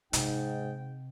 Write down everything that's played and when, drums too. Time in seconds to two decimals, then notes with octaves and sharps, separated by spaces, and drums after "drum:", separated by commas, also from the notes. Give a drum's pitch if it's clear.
0.13 G#2 C3 D#4 G5, drum: hi-hat